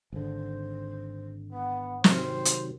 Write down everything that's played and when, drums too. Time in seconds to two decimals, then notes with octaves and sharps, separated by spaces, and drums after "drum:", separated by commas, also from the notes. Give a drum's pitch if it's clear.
0.12 G#1 D3 C5
1.53 B3 F#5
2.04 C3 D#3 F#3 C4 C5, drum: snare
2.45 drum: hi-hat